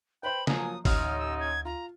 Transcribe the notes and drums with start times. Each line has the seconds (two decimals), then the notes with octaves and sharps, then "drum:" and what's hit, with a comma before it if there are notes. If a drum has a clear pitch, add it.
0.23 B4 C5 G5 B5
0.47 F3 F#3 A#3 G#5 D#6, drum: snare
0.85 A1 D2 D#4 F6, drum: kick, open hi-hat
1.18 E6
1.40 G#6
1.65 F4 A#5